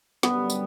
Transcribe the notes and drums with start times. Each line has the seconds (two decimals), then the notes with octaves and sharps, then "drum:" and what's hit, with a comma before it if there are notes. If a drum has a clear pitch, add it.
0.23 F#2 D3 G3 B3, drum: snare
0.50 drum: tambourine